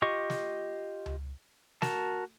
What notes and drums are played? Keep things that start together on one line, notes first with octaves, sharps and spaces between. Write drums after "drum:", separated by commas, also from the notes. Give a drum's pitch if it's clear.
F4 G4 D#5 C#6
drum: snare
drum: tom C#2
F#4 A#4 A5, drum: snare